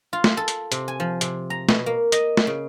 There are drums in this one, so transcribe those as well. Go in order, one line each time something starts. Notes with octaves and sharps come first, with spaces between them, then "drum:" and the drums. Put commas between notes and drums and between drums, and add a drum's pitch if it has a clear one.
F4
drum: snare
A4
drum: hi-hat
C3, drum: hi-hat
G#5
F3
C3, drum: hi-hat
A#5
B2, drum: snare
A#3
D#5, drum: hi-hat
drum: snare
C#3